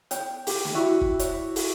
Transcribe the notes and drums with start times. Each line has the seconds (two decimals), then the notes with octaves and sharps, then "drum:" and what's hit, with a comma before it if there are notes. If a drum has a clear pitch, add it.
0.11 G5, drum: hi-hat
0.47 G4, drum: open hi-hat
0.65 drum: snare
0.75 E4 F#4
1.01 drum: kick
1.19 drum: hi-hat
1.56 drum: open hi-hat